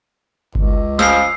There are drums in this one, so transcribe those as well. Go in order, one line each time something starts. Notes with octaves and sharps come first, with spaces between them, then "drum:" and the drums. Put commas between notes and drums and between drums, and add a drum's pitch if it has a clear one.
C#2, drum: kick G1
C#3 F3 E6 C7, drum: snare